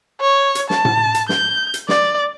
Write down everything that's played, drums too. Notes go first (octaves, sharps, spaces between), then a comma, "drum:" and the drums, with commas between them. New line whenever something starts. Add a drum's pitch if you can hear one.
C#5
drum: hi-hat
A5, drum: snare
drum: tom A2
drum: hi-hat
G6, drum: snare
drum: hi-hat
D5, drum: snare